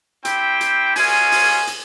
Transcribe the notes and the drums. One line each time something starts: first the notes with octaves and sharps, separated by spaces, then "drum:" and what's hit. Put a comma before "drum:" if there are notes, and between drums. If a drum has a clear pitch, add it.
C4 E4 G4 G5, drum: hi-hat
drum: hi-hat
G#3 C#4 F4 G#5, drum: open hi-hat
drum: open hi-hat
drum: hi-hat